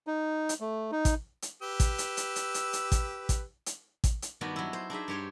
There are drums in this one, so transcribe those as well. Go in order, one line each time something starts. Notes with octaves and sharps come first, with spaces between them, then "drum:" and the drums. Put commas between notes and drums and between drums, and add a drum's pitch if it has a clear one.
D#4
drum: hi-hat
A3
D#4
drum: kick A1, hi-hat
drum: hi-hat
G4 B4 E6
drum: kick A1, hi-hat
drum: hi-hat
drum: hi-hat
drum: hi-hat
drum: hi-hat
drum: hi-hat
drum: kick A1, hi-hat
drum: kick A1, hi-hat
drum: hi-hat
drum: kick A1, hi-hat
drum: hi-hat
G2 D#3 B3 D4 F#4
F#3 E4
C5
D4 D#4 G#4 E5
G2 G4 C#5 C6